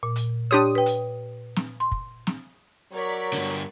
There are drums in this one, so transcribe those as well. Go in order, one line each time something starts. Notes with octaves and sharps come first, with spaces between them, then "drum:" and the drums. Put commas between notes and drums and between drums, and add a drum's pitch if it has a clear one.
A#2
drum: hi-hat
D4 G4 C#5 C6 D#6
B4 G5
drum: hi-hat
drum: snare
C6
drum: kick
drum: snare
F#3 A#4 C#5 D5 B6
G2 D3